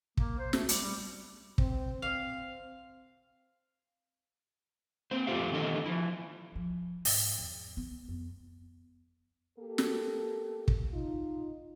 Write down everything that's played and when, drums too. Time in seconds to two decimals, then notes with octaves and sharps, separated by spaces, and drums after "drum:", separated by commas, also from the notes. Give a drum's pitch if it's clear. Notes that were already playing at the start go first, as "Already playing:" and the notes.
0.17 A#3, drum: kick
0.38 C5
0.53 A3, drum: snare
0.69 G3, drum: hi-hat
0.81 G3
1.58 C4, drum: kick
2.02 C4 F5
5.11 A#3 C4 C5
5.27 F2 A3 B3 F4 G4 F5
5.52 D#3 E3 D4 G4 A4 D#5
5.86 F3 E4
6.55 F3
7.05 G#2, drum: open hi-hat
7.39 E2
7.77 B3
8.09 F2
9.58 A#3 G4 A4
9.78 drum: snare
10.68 drum: kick
10.91 D#4 F4